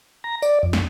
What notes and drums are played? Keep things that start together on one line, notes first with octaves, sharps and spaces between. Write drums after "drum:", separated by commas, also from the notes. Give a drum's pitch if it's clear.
A#5
D5, drum: tambourine
F2
drum: snare